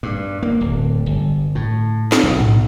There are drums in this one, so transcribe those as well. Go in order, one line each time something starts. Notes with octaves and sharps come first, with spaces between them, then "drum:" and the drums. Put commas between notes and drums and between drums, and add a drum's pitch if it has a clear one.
G2
A#3
D1
G1
A2
drum: snare
B1
drum: tom G#2